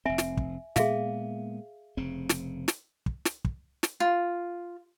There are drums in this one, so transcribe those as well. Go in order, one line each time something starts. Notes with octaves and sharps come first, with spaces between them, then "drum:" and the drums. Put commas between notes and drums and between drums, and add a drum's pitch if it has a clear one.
F1 C4 E5 G#5
drum: snare
drum: kick
A#2 G#3 B3 G#4 E5 F5, drum: snare
F1 C#3 C4
drum: snare
drum: snare
drum: kick
drum: snare
drum: kick
drum: snare
F4